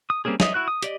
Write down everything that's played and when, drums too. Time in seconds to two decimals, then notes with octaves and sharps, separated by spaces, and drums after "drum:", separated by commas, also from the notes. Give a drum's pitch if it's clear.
0.10 D#6
0.25 G3 A#3 C4 C#4 G#4
0.40 G#4 C#5 D#5 E5 D#6, drum: snare
0.54 E4 F#4 F#6
0.68 D#6
0.83 G4 D5 D#5, drum: hi-hat